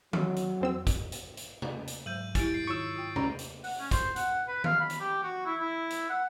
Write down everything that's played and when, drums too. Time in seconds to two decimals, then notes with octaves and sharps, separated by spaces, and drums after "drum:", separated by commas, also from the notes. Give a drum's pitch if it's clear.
0.13 F#3, drum: tom D#3
0.36 drum: hi-hat
0.61 F2 C4 E6
0.87 drum: kick, hi-hat
1.12 drum: hi-hat
1.37 drum: hi-hat
1.62 drum: tom C3
1.87 drum: hi-hat
2.06 G#2 F#3 C5 G6 D#7 F#7
2.35 E4 G4 G#5 A6 D7, drum: kick, hi-hat
2.54 C7 D7
2.67 D#3 D#4 F4 C#6 E6
2.96 F4 G5
3.16 C#2 C#4 A#5 B5, drum: tom C3
3.39 drum: hi-hat
3.64 F#5, drum: open hi-hat
3.80 C#4
3.91 C5, drum: kick, hi-hat
4.16 F#5, drum: hi-hat
4.48 B4
4.64 F5, drum: tom D#3
4.80 B5
4.90 drum: hi-hat
5.00 G4
5.23 F#4
5.45 E4
5.59 E4
5.90 drum: hi-hat
6.09 F#5